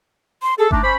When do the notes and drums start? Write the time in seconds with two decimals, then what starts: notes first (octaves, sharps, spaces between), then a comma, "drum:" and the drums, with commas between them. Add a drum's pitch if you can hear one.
0.42 C6
0.59 G#4 A4
0.71 A3 D4 D#4 D6, drum: kick G1
0.83 C#4 C5 B5